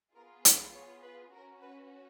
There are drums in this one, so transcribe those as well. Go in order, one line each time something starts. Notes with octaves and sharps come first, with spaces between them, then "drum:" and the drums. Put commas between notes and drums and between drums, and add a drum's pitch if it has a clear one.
B3 F4 G#4 A#4
B4, drum: hi-hat
C#5
B4
C#4 F#4 A#4
B4